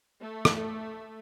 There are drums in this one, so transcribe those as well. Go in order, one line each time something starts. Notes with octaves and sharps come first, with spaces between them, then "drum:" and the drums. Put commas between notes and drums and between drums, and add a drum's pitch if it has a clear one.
A3
drum: rim click